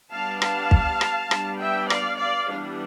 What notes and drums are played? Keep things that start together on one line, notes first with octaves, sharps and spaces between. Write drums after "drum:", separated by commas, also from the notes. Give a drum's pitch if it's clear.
G3 B3 D4 F5 A5
F5 A5, drum: rim click
drum: kick
drum: rim click
G3 B3 D4, drum: rim click
E5 G5
D5 F5, drum: rim click
D5 F5
E3 G3 B3 D4